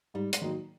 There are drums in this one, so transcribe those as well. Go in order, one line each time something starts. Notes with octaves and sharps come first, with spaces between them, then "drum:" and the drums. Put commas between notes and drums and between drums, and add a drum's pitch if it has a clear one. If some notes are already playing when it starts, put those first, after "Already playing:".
G#2 G3
G#3, drum: hi-hat
D#3 F#3 A#3 D#4